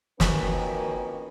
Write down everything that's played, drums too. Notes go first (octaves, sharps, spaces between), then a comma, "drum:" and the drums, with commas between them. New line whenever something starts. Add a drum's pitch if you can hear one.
F2 D#3 A#3 C#4 F#4 B4, drum: snare